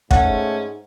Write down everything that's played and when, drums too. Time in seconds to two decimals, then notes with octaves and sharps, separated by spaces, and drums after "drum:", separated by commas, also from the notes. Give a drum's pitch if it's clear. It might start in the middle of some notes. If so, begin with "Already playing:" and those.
0.11 G#2 A3 C#4 F#5, drum: kick